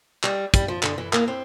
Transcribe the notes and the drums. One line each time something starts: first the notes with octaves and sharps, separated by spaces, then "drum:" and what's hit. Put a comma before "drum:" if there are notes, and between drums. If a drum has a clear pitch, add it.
G3, drum: clap
G3, drum: kick, hi-hat
F3
D3, drum: clap
E3
A#3, drum: clap
C4